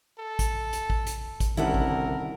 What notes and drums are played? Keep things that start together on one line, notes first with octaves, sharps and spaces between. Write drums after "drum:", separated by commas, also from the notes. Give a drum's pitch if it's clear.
A4
drum: kick, hi-hat
drum: hi-hat
drum: kick
drum: hi-hat
drum: kick, hi-hat
C2 D3 D#3 C#4 E4 A4 A#4 F#5
drum: kick